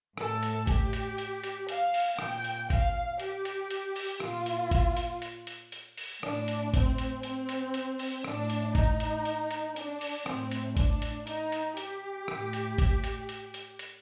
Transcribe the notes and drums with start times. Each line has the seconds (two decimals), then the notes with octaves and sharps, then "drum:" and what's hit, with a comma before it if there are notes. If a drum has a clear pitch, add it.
0.18 A2 A4, drum: rim click
0.43 drum: hi-hat
0.67 G4, drum: kick G#1, hi-hat
0.93 drum: hi-hat
1.18 drum: hi-hat
1.44 drum: hi-hat
1.69 F5, drum: hi-hat
1.94 drum: open hi-hat
2.19 A#2 G5, drum: rim click
2.44 drum: hi-hat
2.70 F5, drum: kick G#1, hi-hat
3.20 G4, drum: hi-hat
3.45 drum: hi-hat
3.70 drum: hi-hat
3.96 drum: open hi-hat
4.20 A#2 F4, drum: rim click
4.46 drum: hi-hat
4.71 drum: kick G#1, hi-hat
4.97 drum: hi-hat
5.22 drum: hi-hat
5.47 drum: hi-hat
5.72 drum: hi-hat
5.97 drum: open hi-hat
6.23 A2 D4, drum: rim click
6.48 drum: hi-hat
6.74 C4, drum: kick G#1, hi-hat
6.98 drum: hi-hat
7.23 C4, drum: hi-hat
7.49 drum: hi-hat
7.74 drum: hi-hat
7.99 drum: open hi-hat
8.24 A2 D4, drum: rim click
8.50 drum: hi-hat
8.75 D#4, drum: kick G#1, hi-hat
9.00 drum: hi-hat
9.25 drum: hi-hat
9.51 drum: hi-hat
9.76 D4, drum: hi-hat
10.01 drum: open hi-hat
10.26 A2 C4, drum: rim click
10.51 drum: hi-hat
10.77 D4, drum: kick G#1, hi-hat
11.02 drum: hi-hat
11.27 D#4, drum: hi-hat
11.52 drum: hi-hat
11.77 G4, drum: hi-hat
12.28 A2, drum: rim click
12.53 drum: hi-hat
12.78 drum: kick G#1, hi-hat
13.04 drum: hi-hat
13.29 drum: hi-hat
13.54 drum: hi-hat
13.79 drum: hi-hat